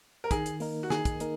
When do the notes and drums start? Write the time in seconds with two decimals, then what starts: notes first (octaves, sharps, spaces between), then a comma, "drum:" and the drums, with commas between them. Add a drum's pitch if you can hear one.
0.24 A#4
0.31 D#3 G#4, drum: kick, hi-hat
0.46 drum: hi-hat
0.60 A#3 D#4 A#4, drum: open hi-hat
0.83 F#4
0.90 D#3 G#4, drum: snare
1.05 drum: kick, hi-hat
1.20 A#3 D#4 A#4, drum: hi-hat